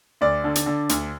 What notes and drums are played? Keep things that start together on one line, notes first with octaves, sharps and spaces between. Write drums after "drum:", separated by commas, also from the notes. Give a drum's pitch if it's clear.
D2 D5
D3
drum: hi-hat
D3
D2, drum: hi-hat